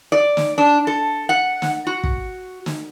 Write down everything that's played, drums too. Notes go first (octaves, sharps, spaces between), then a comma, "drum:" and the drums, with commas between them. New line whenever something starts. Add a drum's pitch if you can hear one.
D5
drum: snare
D4
A4
F#5
drum: snare
F#4
drum: kick
drum: snare